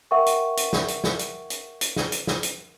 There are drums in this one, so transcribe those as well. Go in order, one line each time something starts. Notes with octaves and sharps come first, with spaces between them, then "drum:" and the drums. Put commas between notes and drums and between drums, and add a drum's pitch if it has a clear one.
A#4 E5 F#5 G5 C#6
drum: hi-hat
drum: hi-hat
drum: snare
drum: hi-hat
drum: snare
drum: hi-hat
drum: hi-hat
drum: hi-hat
drum: snare
drum: hi-hat
drum: snare
drum: hi-hat